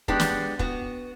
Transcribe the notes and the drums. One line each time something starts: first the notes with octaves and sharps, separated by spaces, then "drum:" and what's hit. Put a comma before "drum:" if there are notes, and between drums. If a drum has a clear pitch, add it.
G#3 B3 D4 G4, drum: kick
drum: snare
B3 F#4, drum: kick